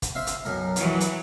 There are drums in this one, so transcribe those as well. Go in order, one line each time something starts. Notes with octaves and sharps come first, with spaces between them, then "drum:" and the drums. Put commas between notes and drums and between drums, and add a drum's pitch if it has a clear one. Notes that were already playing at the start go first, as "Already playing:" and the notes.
drum: kick, hi-hat
C5 E5 F5
drum: hi-hat
B1 F#2 A#4
E3 F#3, drum: hi-hat
drum: hi-hat